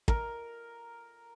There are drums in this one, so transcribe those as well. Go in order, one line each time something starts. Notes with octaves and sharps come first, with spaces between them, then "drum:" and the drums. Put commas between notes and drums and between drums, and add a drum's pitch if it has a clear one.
A#4, drum: kick